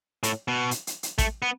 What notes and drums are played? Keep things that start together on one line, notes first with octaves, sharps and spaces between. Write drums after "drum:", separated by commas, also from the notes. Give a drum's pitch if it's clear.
A2, drum: hi-hat
B2
drum: hi-hat
drum: hi-hat
drum: hi-hat
A3, drum: kick A1, hi-hat
B3